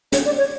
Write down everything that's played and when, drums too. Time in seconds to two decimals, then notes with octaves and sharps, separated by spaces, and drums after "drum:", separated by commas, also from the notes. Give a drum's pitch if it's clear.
0.12 C#5, drum: hi-hat
0.25 D5
0.38 C#5